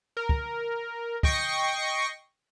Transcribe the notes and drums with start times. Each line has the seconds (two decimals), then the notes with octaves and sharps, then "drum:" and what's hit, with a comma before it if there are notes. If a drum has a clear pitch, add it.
0.17 A#4
0.29 drum: kick
1.23 D#5 G5 C#6 A#6 C7 C#7, drum: kick